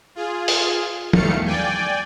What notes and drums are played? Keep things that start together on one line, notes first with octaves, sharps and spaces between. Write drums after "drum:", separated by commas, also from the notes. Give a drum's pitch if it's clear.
F4 G#4
drum: open hi-hat
E2 D#3 G3 A3 F5 C#7, drum: tom
D5 G5 G#5